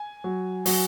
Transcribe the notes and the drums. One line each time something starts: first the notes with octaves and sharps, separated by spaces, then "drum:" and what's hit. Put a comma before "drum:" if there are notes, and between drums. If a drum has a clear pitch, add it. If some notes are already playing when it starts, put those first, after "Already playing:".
Already playing: G#5
F#3
F#3, drum: open hi-hat